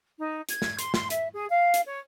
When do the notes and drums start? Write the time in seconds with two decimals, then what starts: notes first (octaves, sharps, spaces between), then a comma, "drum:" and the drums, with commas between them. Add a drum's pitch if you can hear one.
0.17 D#4
0.49 G#6, drum: hi-hat
0.62 drum: snare
0.79 C6, drum: hi-hat
0.94 C6, drum: snare
1.10 E5, drum: hi-hat
1.32 G#4
1.49 F5
1.74 drum: hi-hat
1.85 C#5